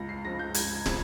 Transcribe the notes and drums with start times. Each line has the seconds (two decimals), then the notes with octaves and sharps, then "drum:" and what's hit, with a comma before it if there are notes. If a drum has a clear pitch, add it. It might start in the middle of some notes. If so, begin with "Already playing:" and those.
Already playing: C#2 A#6
0.09 C7
0.24 C#3 F3 A#6
0.39 G6
0.54 C#2 G#6, drum: hi-hat
0.75 G#6
0.86 C#3 F3, drum: snare